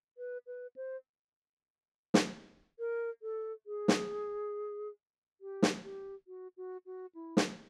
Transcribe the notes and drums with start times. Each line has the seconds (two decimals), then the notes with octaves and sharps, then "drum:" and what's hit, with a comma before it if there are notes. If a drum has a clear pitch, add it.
0.18 B4
0.47 B4
0.76 C5
2.14 drum: snare
2.79 A#4
3.22 A4
3.66 G#4
3.88 drum: snare
5.41 G4
5.62 drum: snare
5.84 G4
6.28 F#4
6.57 F#4
6.86 F#4
7.15 E4
7.37 drum: snare